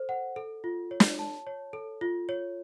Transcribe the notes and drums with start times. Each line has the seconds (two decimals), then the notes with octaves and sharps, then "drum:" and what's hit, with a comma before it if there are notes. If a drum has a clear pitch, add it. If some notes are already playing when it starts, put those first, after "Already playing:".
Already playing: A4 C5
0.09 F#5
0.36 A4
0.64 F4
0.91 C#5
1.00 drum: snare
1.19 A5
1.47 C#5
1.73 A4
2.01 F4
2.29 C#5